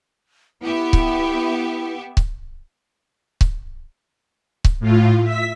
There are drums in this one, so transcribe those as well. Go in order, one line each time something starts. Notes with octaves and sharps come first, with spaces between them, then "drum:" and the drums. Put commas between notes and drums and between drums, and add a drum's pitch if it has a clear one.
B3 E4 G4 E5
drum: kick C#1
drum: kick C#1
drum: kick C#1
drum: kick C#1
A2 F4
E5 B6